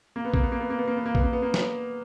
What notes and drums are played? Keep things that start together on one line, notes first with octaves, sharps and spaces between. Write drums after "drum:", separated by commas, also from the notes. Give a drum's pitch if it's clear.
A#3
B3
A#3, drum: kick A#1
B3
A#3
B3
A#3
B3
A#3
B3
A#3
B3, drum: kick A#1
A#3
B3
A#3
drum: snare